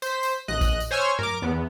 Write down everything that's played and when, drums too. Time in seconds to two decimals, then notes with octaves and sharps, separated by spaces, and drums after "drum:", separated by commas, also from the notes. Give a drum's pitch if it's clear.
0.02 C5 B6, drum: tambourine
0.23 drum: tambourine
0.48 A#1 D#5 F#6
0.61 drum: kick A1, tambourine
0.80 drum: tambourine
0.91 C5 C#5 G#5 E6 F6
1.19 A#4 D6, drum: tom G2
1.42 E2 B3